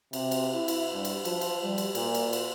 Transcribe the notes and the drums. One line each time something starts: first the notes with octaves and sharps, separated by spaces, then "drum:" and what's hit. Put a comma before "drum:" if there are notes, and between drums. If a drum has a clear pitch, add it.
C3, drum: cymbal
drum: cymbal
E4
drum: cymbal
G2
drum: cymbal
F3, drum: cymbal
drum: cymbal
G3
drum: cymbal
A#2, drum: cymbal
drum: cymbal
drum: cymbal